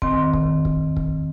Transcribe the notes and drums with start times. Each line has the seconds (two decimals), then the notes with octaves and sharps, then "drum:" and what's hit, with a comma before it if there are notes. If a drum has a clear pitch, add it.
0.02 D#3 C4, drum: kick
0.33 drum: kick
0.65 drum: kick
0.97 drum: kick